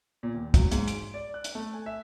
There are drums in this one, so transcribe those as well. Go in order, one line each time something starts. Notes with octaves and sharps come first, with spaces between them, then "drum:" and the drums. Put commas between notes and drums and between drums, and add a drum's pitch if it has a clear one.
A#2
D#2
F#3, drum: kick, hi-hat
G#2, drum: hi-hat
D7, drum: hi-hat
D5
F#6
drum: hi-hat
A3
G#5
E5